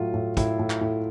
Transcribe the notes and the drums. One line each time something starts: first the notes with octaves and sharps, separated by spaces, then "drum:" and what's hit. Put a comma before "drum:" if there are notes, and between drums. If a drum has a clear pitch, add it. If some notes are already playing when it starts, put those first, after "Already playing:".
Already playing: A2 F#3 F4
A2
A2 E4, drum: kick, hi-hat
A2
drum: clap
A2